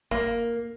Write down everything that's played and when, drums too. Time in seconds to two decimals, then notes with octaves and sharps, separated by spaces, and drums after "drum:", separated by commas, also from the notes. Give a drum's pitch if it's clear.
0.11 A#3, drum: kick G1